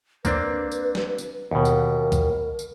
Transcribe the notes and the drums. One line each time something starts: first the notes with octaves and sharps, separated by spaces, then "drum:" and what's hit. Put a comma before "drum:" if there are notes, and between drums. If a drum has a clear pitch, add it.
A#3 C4 D4 B4, drum: kick B1, tambourine
drum: tambourine
drum: snare
drum: tambourine
D#2 B2 A#4
drum: tambourine
drum: kick B1, tambourine
drum: tambourine